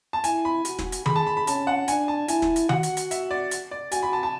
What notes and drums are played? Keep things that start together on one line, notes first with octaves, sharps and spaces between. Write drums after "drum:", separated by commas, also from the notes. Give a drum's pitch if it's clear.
A5
E4 G#5, drum: hi-hat
B5
F#4, drum: hi-hat
drum: snare
drum: hi-hat
G#4 B5, drum: tom D#3
A5
B5
B5
C#4 A5, drum: hi-hat
F#5
D4 G#5, drum: hi-hat
A5
E4 G#5, drum: hi-hat
drum: snare
drum: hi-hat
F#4 F#5, drum: tom D#3
drum: hi-hat
drum: hi-hat
E5, drum: hi-hat
D5
drum: hi-hat
D5
F#4 G#5, drum: hi-hat
B5
A5
A5